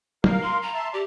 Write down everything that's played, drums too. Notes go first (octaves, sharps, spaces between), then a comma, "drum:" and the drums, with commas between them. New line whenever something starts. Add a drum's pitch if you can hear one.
A#4 F5, drum: tom
C6
A#5
E5 A5 C6
G4 D5